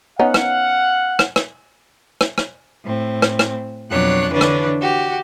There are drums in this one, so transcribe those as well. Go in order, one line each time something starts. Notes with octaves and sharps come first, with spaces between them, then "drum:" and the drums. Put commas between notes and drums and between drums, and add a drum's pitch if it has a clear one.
B3 C#4 D#4 F5 F#5
drum: rim click
drum: rim click
drum: rim click
drum: rim click
drum: rim click
A2 C4
drum: rim click
drum: rim click
F2 B2 F#3 D4 C#5 F#6
D3 E3 D4 B4 C#5
drum: rim click
F#4 G4